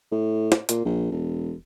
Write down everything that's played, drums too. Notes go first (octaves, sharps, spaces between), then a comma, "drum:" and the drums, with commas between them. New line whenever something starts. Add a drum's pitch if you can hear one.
A2
drum: snare
A#2, drum: hi-hat
A#1
E1